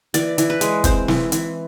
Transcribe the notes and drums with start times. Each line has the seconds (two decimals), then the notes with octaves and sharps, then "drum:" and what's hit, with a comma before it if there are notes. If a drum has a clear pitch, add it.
0.14 E3 D5, drum: hi-hat
0.38 E3, drum: hi-hat
0.50 B4
0.61 G#3, drum: hi-hat
0.84 C4 C5, drum: kick, hi-hat
1.08 E3, drum: snare
1.32 E3, drum: hi-hat